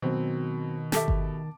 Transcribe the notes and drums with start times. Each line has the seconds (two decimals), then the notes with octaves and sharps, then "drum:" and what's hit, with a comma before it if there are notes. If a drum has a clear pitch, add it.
0.02 B2 D#3 F#3 C4
0.92 G4 A4 E5 A5 D6, drum: snare
1.08 drum: kick G1